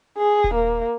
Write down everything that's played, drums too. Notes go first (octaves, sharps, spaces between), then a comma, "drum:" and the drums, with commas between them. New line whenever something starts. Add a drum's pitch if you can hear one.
G#4
drum: kick D#1
A#3